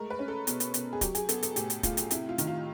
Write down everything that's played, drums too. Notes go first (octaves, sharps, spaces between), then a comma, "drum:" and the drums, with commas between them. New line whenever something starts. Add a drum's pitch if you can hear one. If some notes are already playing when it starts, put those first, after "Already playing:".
Already playing: G#3 A3 A#4
B4
C#4
A4
B2, drum: hi-hat
drum: hi-hat
B2, drum: hi-hat
G#4
F#3 G4, drum: kick, hi-hat
G#4, drum: hi-hat
B3 A4, drum: hi-hat
A4, drum: hi-hat
A2 G4, drum: hi-hat
drum: hi-hat
A2 F4, drum: kick, hi-hat
drum: hi-hat
C3 E4, drum: hi-hat
F4
D#3, drum: hi-hat
F4